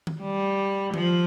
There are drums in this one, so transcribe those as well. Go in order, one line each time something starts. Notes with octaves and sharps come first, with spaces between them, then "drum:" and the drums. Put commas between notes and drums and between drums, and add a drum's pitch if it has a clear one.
drum: tom D#3
G3
F3, drum: tom D#3